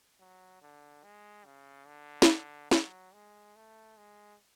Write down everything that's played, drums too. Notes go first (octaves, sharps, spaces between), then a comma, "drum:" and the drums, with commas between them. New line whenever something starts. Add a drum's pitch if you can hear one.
F#3
D3
G#3
C#3
D3
drum: snare
F#3, drum: snare
G#3
A3
G#3